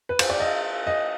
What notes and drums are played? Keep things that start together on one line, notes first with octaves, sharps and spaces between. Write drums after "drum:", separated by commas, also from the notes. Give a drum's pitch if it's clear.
B4
C5, drum: cymbal
D5
D#5
D#5